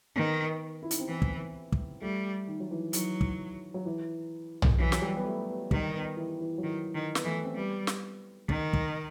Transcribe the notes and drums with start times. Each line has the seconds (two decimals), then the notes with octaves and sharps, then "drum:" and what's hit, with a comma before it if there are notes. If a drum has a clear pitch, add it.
0.16 D#3 B3
0.82 E4
0.91 D#4, drum: hi-hat
1.00 C4
1.08 E3 B3
1.22 drum: kick
1.73 drum: kick
2.02 G3 A3
2.47 D#3
2.60 F#3
2.71 E3
2.93 D#3 F#3, drum: hi-hat
3.21 drum: kick
3.74 F#3
3.86 E3
4.62 drum: tom
4.79 E3 F#3
4.92 F#3, drum: snare
5.02 G3
5.16 B3
5.24 A3
5.48 B3
5.71 D#3 G3, drum: kick
5.94 B3
6.17 E3
6.41 E3
6.58 F#3
6.63 D#3 E3
6.95 D#3
7.15 B3, drum: snare
7.25 E3 A3
7.44 C4
7.56 G3 B3
7.87 drum: snare
8.49 D#3, drum: kick
8.74 drum: kick